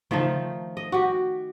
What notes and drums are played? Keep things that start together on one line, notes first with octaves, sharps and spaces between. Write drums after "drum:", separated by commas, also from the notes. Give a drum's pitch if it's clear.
D#3 F3 A3 D#4, drum: tom C#3
D#5
F#4 G4